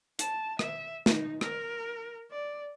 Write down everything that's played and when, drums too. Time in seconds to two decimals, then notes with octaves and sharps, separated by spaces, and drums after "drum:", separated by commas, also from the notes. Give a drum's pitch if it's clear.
0.19 A5, drum: hi-hat
0.59 E5, drum: rim click
1.06 D#4, drum: snare
1.41 A#4, drum: rim click
2.31 D5